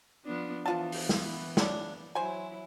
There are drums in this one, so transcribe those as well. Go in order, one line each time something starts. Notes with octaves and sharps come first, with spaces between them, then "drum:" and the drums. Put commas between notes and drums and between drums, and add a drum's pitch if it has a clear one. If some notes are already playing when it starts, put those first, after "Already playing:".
F3 B3 D4
E3 F3 B3 F4 A5
drum: open hi-hat
drum: snare
C#3 D4, drum: snare
F#3 E4 C5 G#5